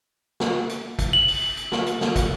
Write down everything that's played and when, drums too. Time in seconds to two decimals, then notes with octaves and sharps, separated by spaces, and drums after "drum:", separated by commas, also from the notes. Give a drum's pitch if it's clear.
0.40 drum: snare
0.69 drum: hi-hat
0.99 drum: kick, hi-hat
1.13 F#7
1.28 drum: open hi-hat
1.57 drum: hi-hat
1.72 drum: snare
1.86 drum: hi-hat
2.01 drum: snare
2.16 drum: kick, hi-hat